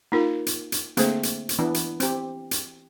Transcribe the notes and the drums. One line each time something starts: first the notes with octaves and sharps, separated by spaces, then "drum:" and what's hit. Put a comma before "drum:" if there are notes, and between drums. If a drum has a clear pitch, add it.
A#3 D#4 F4 A#4
drum: hi-hat
drum: hi-hat
D3 A3 A#3 C4 G#4 C5, drum: hi-hat
drum: hi-hat
drum: hi-hat
E3 B3 D4
drum: hi-hat
C4 G4, drum: hi-hat
drum: hi-hat